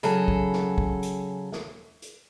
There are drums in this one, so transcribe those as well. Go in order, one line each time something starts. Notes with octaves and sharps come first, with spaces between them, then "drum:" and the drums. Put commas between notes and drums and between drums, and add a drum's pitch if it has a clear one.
C#3 F#3 G#4 A4, drum: hi-hat
drum: kick
drum: snare
drum: kick
drum: hi-hat
drum: snare
drum: hi-hat